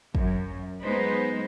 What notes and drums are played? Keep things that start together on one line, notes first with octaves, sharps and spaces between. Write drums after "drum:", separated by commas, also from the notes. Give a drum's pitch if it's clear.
F#2, drum: kick
F#3 G#3 B3 D#4 B4 C5